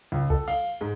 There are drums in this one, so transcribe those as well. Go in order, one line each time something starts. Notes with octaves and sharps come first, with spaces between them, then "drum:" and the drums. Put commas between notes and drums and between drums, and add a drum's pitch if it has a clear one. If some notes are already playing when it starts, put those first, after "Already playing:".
C#2
A4, drum: kick C2
F5, drum: cymbal
G#2